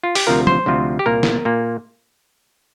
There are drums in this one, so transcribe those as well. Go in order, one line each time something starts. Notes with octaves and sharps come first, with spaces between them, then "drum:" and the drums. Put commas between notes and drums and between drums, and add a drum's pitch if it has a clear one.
F4
G4, drum: open hi-hat
D2 C3 F3 C4 F4 A#4
C5, drum: tom
D2 C3 F3 C4 F4
G4
C2 A#2 A#3 A#4
drum: snare
A#2 A#3